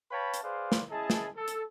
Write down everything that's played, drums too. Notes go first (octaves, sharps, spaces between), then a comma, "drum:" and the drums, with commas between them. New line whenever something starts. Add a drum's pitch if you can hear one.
B4 C#5 F5 G5 A5 B5
drum: hi-hat
G#4 B4 C5 D5 F5
drum: snare
C#4 E4 G#4 D#5 A5
drum: snare
A4
drum: hi-hat